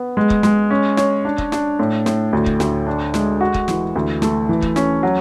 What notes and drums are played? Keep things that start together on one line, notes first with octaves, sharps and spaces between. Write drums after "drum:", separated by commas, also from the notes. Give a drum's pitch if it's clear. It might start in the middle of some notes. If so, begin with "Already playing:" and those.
Already playing: B3
G#3
drum: kick
G#3, drum: snare
C#4
C#5, drum: snare
D4
drum: kick
D4, drum: snare
A2
A2, drum: snare
D2
drum: kick
D2, drum: snare
D4
G#3, drum: snare
F#4
drum: kick
E3, drum: snare
D2
A3, drum: snare
E3
drum: kick
C#4, drum: snare
F#3